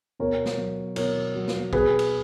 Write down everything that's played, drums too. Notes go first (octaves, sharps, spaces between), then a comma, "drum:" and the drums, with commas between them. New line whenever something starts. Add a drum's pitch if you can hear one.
B2 A#4 C#5
drum: snare
F#3
B2 A#4 C#5, drum: cymbal
F#3
drum: snare
B2 G#4 B4, drum: kick
drum: cymbal